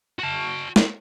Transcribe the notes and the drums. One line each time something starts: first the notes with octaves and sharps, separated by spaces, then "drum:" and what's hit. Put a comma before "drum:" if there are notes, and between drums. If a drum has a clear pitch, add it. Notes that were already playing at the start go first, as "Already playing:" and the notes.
F#4 A5
drum: snare